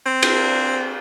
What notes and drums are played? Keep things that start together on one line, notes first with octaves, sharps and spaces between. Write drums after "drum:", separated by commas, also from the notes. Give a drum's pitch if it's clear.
C4
drum: cymbal